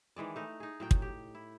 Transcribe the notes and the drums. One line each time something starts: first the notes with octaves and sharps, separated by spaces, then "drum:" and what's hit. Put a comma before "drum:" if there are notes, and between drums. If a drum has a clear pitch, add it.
D#3 E3 G#3 D5
A3 D#4
D#4 G#4
A2 F#3 G5
drum: kick
G4
E4